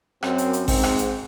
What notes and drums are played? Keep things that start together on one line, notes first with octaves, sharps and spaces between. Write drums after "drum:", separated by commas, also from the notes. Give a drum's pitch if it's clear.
F#2 C4, drum: rim click
drum: hi-hat
drum: hi-hat
G#2 C4, drum: kick A1, open hi-hat
drum: rim click
drum: hi-hat